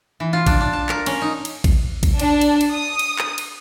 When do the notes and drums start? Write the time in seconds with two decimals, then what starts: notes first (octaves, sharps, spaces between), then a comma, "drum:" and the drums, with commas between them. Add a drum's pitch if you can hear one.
0.20 E3
0.33 F4
0.47 D4, drum: kick A1, cymbal
0.61 D4
0.73 A5
0.89 A#4, drum: clap
1.06 C#4, drum: cymbal
1.22 D#4
1.45 drum: cymbal
1.64 drum: kick A1, cymbal
2.03 drum: kick A1, cymbal
2.20 D4, drum: cymbal
2.41 drum: cymbal
2.61 drum: cymbal
2.73 D#6
2.99 drum: cymbal
3.19 drum: clap
3.38 drum: cymbal